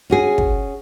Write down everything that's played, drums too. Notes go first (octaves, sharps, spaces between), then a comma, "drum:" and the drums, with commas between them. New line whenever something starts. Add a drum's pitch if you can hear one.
C#4 F#4 G#4
drum: kick